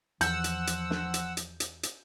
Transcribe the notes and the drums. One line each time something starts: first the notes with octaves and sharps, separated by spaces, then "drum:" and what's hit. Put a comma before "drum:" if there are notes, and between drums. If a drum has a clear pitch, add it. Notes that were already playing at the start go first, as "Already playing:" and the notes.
E2 F3 F#5 E6 G6, drum: hi-hat
drum: hi-hat
drum: hi-hat
drum: snare
drum: hi-hat
drum: hi-hat
drum: hi-hat
drum: hi-hat